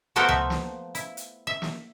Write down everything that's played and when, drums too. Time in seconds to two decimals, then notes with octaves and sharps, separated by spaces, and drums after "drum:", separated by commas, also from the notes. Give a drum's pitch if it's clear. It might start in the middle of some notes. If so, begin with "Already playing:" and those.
0.16 A3 B3 F#4 A4 A#4 C5
0.29 F3 E5, drum: tom C#2
0.50 drum: snare
0.95 E4, drum: hi-hat
1.17 drum: hi-hat
1.47 E5
1.62 drum: snare